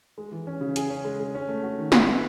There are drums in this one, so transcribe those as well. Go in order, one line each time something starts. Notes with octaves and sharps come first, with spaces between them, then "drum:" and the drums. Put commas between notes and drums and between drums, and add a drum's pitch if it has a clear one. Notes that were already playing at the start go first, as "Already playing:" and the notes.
G#3
E3
C#4
C#3
G#4, drum: hi-hat
C#4
G#3
G#3
C#4
A3
F#4
D#3
D#4, drum: snare
B3